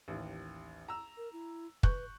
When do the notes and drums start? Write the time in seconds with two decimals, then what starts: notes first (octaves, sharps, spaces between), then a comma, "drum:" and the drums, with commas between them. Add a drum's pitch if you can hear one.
0.08 A1 D#2
0.89 A#5 E6
1.17 A#4
1.33 E4
1.83 B4 C#6 F#6 G6, drum: kick